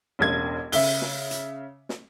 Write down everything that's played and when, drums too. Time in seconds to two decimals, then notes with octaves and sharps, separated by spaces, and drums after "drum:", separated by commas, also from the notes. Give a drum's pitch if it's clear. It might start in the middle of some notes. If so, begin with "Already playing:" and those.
0.19 E1 A1 G#6
0.72 C#3 E5 G7, drum: open hi-hat
1.02 drum: snare
1.31 drum: hi-hat
1.89 drum: snare